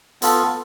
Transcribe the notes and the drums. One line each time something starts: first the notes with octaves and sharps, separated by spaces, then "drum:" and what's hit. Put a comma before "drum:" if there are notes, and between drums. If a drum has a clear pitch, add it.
B3 F4 A4, drum: hi-hat